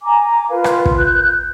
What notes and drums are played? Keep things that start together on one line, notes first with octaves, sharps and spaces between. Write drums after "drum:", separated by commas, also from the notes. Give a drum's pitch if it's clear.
G#5 A#5 D6
F4 A#4 B4 F5
drum: rim click
drum: kick
F#6 G6